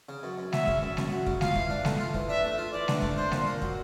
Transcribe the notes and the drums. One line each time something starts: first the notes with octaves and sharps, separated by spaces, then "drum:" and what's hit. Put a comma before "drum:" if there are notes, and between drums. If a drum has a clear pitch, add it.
C#3
F#2
F#2
F#3 E5, drum: snare G#3
C#3, drum: kick
F#2
F#2, drum: snare G#3
F#3
C#3, drum: kick
F4 F5, drum: snare G#3
E3, drum: kick
D4
A3, drum: snare G#3
F4
E3, drum: kick
D4 E5
A3
F4
E3 D5
D4, drum: snare G#3
A3, drum: kick
D4 C5
A#2, drum: snare G#3
A#3
F#3, drum: kick